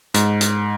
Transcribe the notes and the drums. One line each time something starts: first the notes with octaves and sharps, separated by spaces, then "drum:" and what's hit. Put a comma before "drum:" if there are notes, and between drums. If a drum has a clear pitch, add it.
G#2, drum: hi-hat
drum: hi-hat